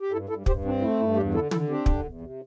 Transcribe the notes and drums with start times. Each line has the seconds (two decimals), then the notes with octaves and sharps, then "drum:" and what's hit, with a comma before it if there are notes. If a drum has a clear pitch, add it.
0.01 G4
0.11 G2 E4 A4
0.29 G2 E4 A4
0.46 G2 G4 C5, drum: kick
0.64 C4 D4
0.81 A3 E4
0.99 G2 E4
1.16 E2 D4 G4
1.34 D3 E4 A4
1.51 D3 E4 A4, drum: tom
1.69 C4 D4 G4
1.86 D3, drum: kick
2.04 E2
2.21 C3